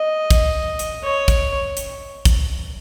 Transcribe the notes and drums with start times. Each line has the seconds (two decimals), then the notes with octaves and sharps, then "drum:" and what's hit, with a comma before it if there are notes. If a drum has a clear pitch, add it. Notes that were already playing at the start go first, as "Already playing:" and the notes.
Already playing: D#5
0.31 drum: kick, hi-hat
0.79 drum: hi-hat
1.03 C#5
1.28 drum: kick, hi-hat
1.77 drum: hi-hat
2.25 drum: kick, hi-hat